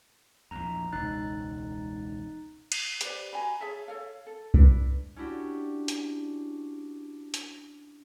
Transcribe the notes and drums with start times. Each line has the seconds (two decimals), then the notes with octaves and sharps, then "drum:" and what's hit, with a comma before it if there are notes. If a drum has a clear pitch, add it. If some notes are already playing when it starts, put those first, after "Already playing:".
0.51 A#1 E2 A#5
0.92 E1 C#2 D#4 F#6 A6
2.72 drum: cymbal
3.01 G4 B4 C5 D5, drum: hi-hat
3.33 F#4 G#5 A#5 B5
3.60 G#4 C#5 E5 A5
3.88 A4 C#5 F5
4.26 A4
4.54 D4 E4 B4, drum: kick C2
5.16 C#4 D4 E4 F#4 G4
5.88 drum: hi-hat
7.34 drum: hi-hat